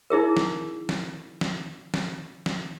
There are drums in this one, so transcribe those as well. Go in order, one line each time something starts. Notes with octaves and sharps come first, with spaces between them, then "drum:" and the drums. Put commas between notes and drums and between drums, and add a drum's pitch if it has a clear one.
D#4 E4 G#4 A#4
drum: snare
drum: snare
drum: snare
drum: snare
drum: snare